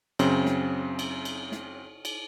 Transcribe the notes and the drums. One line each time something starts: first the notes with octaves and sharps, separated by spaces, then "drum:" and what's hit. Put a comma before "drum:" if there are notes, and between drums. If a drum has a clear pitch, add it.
F#2 C#3 C4, drum: cymbal
drum: snare
drum: cymbal
drum: cymbal
drum: snare
drum: cymbal